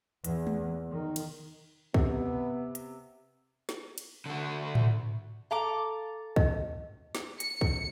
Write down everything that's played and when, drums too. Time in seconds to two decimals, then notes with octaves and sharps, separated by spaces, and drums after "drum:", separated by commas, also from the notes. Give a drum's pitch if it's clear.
0.24 E2, drum: hi-hat
0.47 drum: tom G#3
0.91 D#3
1.16 drum: cymbal
1.94 C3 B3, drum: kick
2.75 drum: hi-hat
3.69 drum: snare
3.98 drum: cymbal
4.26 D3 F#4
4.75 drum: tom A2
5.51 A4 F5 A#5 D6
6.36 D#5, drum: kick
7.15 drum: snare
7.40 C#7, drum: hi-hat
7.61 drum: kick